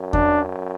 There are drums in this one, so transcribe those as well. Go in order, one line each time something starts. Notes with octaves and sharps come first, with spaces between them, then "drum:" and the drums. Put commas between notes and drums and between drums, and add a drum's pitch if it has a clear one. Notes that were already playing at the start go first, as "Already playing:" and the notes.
Already playing: F#2
D4, drum: kick E2